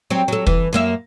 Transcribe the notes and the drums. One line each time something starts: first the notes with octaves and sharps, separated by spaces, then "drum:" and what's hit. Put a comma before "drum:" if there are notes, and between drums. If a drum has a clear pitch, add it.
F#3 C4
F#3 A4
E3, drum: kick
F#2 A#3 E5